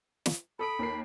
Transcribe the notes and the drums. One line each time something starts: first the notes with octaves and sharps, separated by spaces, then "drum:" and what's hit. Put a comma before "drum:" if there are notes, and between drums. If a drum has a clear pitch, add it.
drum: snare
A4 B5 D#6 D7
D#2 A#4 C7